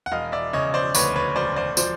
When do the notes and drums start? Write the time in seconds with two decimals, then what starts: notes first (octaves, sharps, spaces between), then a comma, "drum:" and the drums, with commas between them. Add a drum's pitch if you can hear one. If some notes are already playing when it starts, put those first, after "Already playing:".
0.06 F#5
0.12 E1 D#5 F5
0.32 D5 E5
0.53 C#3 C#5 D#5
0.74 C5 D5
0.95 D2 B4 C#5, drum: tambourine
1.16 B4 C#5
1.36 E1 C5 D5
1.56 C5 D5
1.77 F3 C5 D5, drum: tambourine